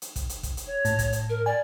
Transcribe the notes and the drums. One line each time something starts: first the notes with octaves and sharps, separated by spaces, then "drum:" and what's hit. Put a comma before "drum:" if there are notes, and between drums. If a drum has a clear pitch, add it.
drum: hi-hat
drum: kick, hi-hat
drum: hi-hat
drum: kick, hi-hat
drum: hi-hat
C#5
A2, drum: hi-hat
drum: kick, hi-hat
drum: hi-hat
A#4
D5 G#5